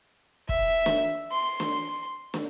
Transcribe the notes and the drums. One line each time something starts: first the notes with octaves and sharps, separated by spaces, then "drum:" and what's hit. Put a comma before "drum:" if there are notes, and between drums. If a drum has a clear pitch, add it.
E5, drum: kick
drum: snare
C6
drum: snare
drum: snare